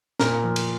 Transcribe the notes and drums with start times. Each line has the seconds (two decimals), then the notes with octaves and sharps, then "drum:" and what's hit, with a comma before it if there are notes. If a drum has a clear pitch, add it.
0.20 A#2 A#4, drum: snare
0.44 F3
0.56 drum: cymbal